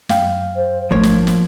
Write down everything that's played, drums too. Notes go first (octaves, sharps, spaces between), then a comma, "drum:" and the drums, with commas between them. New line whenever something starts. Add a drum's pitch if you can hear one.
F#2 F5 G5, drum: snare
C5
G#1 F3 A3 A#3 D4 C#5
drum: snare
drum: snare